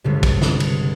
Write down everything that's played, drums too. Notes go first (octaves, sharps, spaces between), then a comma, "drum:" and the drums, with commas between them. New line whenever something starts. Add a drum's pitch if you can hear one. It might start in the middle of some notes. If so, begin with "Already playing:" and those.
G1 C#2 C3
drum: kick, cymbal
drum: snare
drum: cymbal